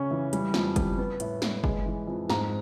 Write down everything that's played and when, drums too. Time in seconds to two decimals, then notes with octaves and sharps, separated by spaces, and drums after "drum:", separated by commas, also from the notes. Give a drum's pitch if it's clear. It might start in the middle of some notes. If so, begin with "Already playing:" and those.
Already playing: C#3 C#4 C#6
0.11 E3
0.33 G3, drum: hi-hat
0.54 F2, drum: snare
0.76 G3, drum: kick, hi-hat
0.98 B3
1.20 A2, drum: hi-hat
1.42 B3, drum: snare
1.64 G#3, drum: kick
1.86 E3
2.07 F2
2.30 G#2 A#5, drum: snare